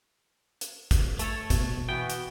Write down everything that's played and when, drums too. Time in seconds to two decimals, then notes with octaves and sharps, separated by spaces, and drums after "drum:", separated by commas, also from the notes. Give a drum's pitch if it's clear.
0.61 drum: hi-hat
0.91 drum: kick, hi-hat
1.19 A3 A4 C#5, drum: hi-hat
1.50 B2, drum: kick, hi-hat
1.89 E3 B3 F#4 G5
2.10 drum: hi-hat